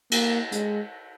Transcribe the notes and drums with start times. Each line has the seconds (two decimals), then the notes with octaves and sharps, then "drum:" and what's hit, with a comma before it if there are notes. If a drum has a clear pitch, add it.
0.11 A#3, drum: cymbal
0.52 G#3, drum: hi-hat